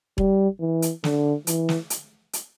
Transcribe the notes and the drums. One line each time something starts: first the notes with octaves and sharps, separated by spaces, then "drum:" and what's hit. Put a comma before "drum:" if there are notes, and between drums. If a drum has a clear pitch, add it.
G3, drum: kick E1
E3
drum: hi-hat
D3, drum: snare
E3, drum: hi-hat
drum: snare
drum: hi-hat
drum: hi-hat